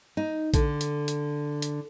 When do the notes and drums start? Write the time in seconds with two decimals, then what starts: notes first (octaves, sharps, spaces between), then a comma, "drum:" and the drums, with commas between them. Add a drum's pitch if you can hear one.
0.17 D#4
0.54 D3, drum: kick A#1, hi-hat
0.81 drum: hi-hat
1.08 drum: hi-hat
1.62 drum: hi-hat